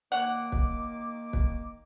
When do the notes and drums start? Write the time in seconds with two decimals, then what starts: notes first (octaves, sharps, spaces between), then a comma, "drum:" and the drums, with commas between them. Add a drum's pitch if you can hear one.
0.12 D#3 A#3 C#5 F#5 D6
0.52 drum: kick
1.33 drum: kick